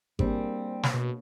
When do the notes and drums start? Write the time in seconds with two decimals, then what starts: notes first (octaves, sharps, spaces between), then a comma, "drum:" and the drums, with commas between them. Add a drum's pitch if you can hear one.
0.19 G3 A#3 C4 D4 G#4, drum: kick G#1
0.83 drum: snare
0.93 B2 C#5